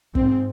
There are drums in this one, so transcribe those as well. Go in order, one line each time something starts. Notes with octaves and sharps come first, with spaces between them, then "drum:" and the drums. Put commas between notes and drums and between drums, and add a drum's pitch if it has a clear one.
G#2 C4, drum: kick